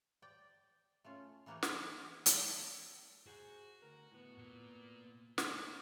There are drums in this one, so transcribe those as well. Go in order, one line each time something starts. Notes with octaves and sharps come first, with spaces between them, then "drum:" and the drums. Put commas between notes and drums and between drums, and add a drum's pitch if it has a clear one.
D5 G5
A3 C#4 F4
E3 A3 A#3 G4 B4 C#5
G#3, drum: snare
drum: hi-hat
F#4 G#4 C5 G#5
D2 A#4
A2 B3
A#2
A3 B3 C#4 F#4, drum: snare